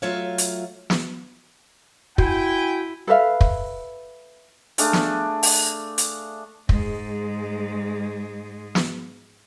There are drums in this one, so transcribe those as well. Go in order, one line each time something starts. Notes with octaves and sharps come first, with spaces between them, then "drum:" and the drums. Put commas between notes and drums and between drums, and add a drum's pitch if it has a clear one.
F#3 A3 F4 C#5 E5 F5
drum: hi-hat
drum: snare
E4 F#4 G5 G#5, drum: kick
A4 B4 E5 F5
drum: kick
A3 D4 G#4 F5, drum: hi-hat
drum: snare
drum: open hi-hat
drum: hi-hat
G#2 G#3, drum: kick
drum: snare